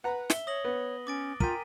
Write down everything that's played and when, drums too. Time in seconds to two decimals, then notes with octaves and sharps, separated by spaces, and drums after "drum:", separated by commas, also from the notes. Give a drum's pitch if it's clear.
0.04 B4 F#5 A#5
0.30 E5 G7, drum: snare
0.47 C#5 D#6 A#6 F#7
0.64 B3
1.07 C#4 D6 A6 D7
1.40 F4 A#4 G5 G#5 B6 D#7, drum: kick